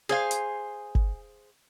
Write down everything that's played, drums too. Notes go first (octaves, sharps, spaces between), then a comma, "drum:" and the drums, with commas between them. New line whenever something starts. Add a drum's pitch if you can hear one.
G#4 C5 F5 G#5
drum: hi-hat
drum: kick G1